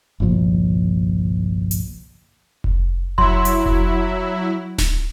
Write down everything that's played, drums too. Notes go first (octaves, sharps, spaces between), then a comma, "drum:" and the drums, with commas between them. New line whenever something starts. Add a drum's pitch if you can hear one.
G1 C2 A#2 F3
drum: hi-hat
drum: kick F1
F#3 E4 C6, drum: kick F1
drum: hi-hat
drum: kick F1
drum: snare D1